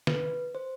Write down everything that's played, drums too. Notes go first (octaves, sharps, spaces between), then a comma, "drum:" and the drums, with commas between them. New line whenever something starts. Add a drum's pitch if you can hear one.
B4, drum: snare
C5